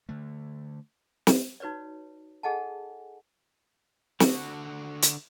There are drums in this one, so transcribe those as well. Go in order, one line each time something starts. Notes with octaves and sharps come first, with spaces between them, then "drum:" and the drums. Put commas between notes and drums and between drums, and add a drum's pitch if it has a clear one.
D3 A3
drum: snare
D#4 F#4 B4 C#5 D5
G#4 A4 D#5 F#5 G#5 A5
D3 F#4, drum: snare
drum: hi-hat